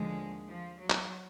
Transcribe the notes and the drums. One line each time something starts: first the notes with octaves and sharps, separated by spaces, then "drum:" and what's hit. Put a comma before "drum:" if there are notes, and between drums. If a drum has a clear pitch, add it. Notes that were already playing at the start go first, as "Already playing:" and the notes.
Already playing: D#2 D3 F3 G#3
F3
F#3
drum: clap